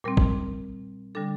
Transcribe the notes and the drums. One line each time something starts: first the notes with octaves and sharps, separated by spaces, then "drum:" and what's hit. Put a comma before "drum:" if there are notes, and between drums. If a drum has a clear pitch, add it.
A#2 G3 C4 A#4
drum: kick
D3 G3 D4 A4